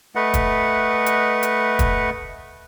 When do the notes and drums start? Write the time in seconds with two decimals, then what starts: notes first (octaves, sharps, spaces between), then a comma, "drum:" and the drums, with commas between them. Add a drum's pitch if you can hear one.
0.15 A3 B4 D#5 F#5
0.34 drum: kick, hi-hat
1.06 drum: hi-hat
1.43 drum: hi-hat
1.79 drum: kick, hi-hat